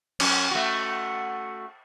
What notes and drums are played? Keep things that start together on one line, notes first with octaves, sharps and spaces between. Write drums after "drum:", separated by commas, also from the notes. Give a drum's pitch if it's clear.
F#2 C#4, drum: cymbal
A3 F#4